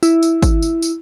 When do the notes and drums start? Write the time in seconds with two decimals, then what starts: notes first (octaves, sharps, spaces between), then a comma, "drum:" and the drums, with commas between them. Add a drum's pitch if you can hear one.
0.03 E4, drum: tambourine
0.23 drum: tambourine
0.43 drum: kick, tambourine
0.62 drum: tambourine
0.82 drum: tambourine